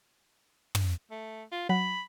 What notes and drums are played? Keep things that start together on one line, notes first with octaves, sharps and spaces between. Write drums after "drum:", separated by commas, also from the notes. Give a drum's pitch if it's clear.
drum: tom
A3
F4
F#3 F#5 B5